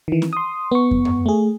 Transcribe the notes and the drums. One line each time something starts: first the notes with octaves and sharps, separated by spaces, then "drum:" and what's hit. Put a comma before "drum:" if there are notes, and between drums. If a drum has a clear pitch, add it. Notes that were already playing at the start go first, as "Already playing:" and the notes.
D#3 E3
drum: snare
C6 D#6
B3 C#6
drum: kick F2
drum: tom F#2
A3 G#4